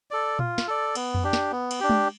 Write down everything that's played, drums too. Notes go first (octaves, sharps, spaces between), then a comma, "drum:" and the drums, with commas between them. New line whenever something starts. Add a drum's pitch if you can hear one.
A4 D5
F4, drum: tom A#2
drum: snare
A4 D5
B3, drum: cymbal
drum: tom F2
D4 G4
drum: snare
B3
drum: cymbal
D4 G4
drum: tom G#3